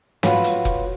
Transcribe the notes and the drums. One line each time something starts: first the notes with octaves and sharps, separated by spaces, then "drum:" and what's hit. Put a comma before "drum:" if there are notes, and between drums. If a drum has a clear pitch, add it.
F4 F#4 B4 C#5, drum: snare
drum: hi-hat
drum: kick F1